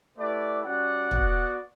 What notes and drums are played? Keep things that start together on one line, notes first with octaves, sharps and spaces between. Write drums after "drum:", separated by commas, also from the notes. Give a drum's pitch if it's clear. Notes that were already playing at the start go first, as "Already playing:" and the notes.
A3 E4 G4 B4 D5
G3 C#4 F#4 D5 F#5
B3 F#4, drum: kick